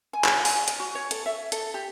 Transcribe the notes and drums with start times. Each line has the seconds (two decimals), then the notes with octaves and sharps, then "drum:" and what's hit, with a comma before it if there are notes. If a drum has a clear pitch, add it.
0.13 G#5
0.25 drum: clap
0.45 G#5, drum: open hi-hat
0.68 drum: hi-hat
0.80 F#4
0.95 C#5
1.11 A4, drum: hi-hat
1.26 E5
1.52 A4, drum: hi-hat
1.74 G4